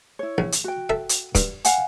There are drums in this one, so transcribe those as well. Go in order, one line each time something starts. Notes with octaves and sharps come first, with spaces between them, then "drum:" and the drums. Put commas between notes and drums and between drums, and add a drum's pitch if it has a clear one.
E4 C#5
A#1
drum: hi-hat
F#4 G5
A4 E5
drum: hi-hat
G2, drum: kick, hi-hat
F5 F#5 G#5, drum: hi-hat